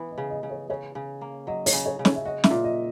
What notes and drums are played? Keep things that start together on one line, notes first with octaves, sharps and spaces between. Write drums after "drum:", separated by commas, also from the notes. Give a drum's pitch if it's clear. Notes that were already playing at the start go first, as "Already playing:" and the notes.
Already playing: E3 B3 B4
D#5
C#3
D#5
C#3
C#5
C#3 C#5
C#3
A#3
F#3 D#5
C#5, drum: open hi-hat
C#3
C#5
C#3
C#5, drum: snare
E5
F#4 D#5
E5, drum: snare
A#2
D#5